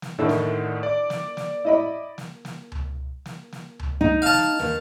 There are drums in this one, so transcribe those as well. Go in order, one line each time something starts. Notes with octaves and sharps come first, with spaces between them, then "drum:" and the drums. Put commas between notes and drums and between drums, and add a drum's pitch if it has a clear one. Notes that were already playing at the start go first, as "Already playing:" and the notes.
drum: snare
A2 D3 D#3 D4 E4 A4
drum: snare
D5 D6
drum: snare
drum: snare
E4 D#5 B5
drum: snare
drum: snare
drum: tom C#2
drum: snare
drum: snare
drum: tom C#2
D#4
F5 A5
drum: snare
D#2, drum: snare